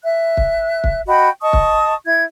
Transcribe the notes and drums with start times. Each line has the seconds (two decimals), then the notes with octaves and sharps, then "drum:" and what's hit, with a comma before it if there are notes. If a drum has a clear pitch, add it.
0.03 E5 F#6
0.37 drum: kick
0.84 drum: kick
1.07 F#4 D#5 G5 B5
1.41 D#5 A5 C#6 D#6
1.53 drum: kick
2.05 E4 G#6